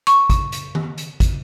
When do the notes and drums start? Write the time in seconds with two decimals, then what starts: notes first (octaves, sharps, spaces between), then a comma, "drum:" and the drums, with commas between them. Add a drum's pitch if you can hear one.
0.07 C#6, drum: hi-hat
0.30 drum: kick, hi-hat
0.52 drum: hi-hat
0.75 drum: tom D#3
0.98 drum: hi-hat
1.20 drum: kick, hi-hat